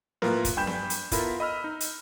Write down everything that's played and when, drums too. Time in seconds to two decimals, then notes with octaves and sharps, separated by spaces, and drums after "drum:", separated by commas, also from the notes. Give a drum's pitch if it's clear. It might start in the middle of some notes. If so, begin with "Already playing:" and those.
0.22 A2 A#3 F4 A#4 B4, drum: snare B3
0.45 drum: kick, hi-hat
0.57 G2 G5 G#5 B5 G6 E7
0.67 drum: snare B3
0.90 drum: hi-hat
1.12 B3 E4 F4 A4 A#4 B5, drum: kick, hi-hat
1.40 D#5 B5 E6 F6
1.64 D#4
1.80 drum: hi-hat